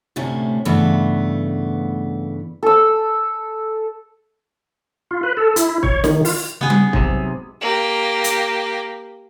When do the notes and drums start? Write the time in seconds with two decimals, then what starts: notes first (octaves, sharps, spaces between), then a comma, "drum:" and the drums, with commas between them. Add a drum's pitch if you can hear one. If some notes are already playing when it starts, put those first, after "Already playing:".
0.16 D2 A2 C3 A3 C#4
0.65 G2 C#3 E3 A3 B3
2.63 A4 E6
5.11 F4
5.23 B4
5.37 A4
5.56 E4, drum: hi-hat
5.83 C#5, drum: kick
6.04 D#3, drum: snare
6.25 F4, drum: open hi-hat
6.61 C#3 B3 G#4
6.70 drum: tom G3
6.93 G#2 C3 F#3, drum: kick
7.61 A#3 G4
8.24 drum: hi-hat